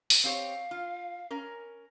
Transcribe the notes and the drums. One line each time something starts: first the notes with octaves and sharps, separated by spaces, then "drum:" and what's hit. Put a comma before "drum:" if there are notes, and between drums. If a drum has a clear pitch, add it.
drum: open hi-hat
C4 G4 C#5 F5
F4
C#4 A#4